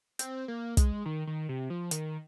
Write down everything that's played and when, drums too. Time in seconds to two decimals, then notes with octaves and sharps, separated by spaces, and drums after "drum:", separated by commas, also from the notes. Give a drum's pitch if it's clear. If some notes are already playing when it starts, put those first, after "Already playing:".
0.19 C4, drum: hi-hat
0.48 A#3
0.77 G#3, drum: kick, hi-hat
1.06 D#3
1.27 D#3
1.49 C3
1.70 F3
1.91 D#3, drum: hi-hat